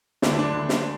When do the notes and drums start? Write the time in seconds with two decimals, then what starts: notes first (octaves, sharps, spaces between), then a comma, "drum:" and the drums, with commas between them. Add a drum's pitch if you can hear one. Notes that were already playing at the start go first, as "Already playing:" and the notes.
0.22 D2 D3 D4, drum: snare
0.31 E4
0.39 D4
0.54 D2 D3
0.69 drum: snare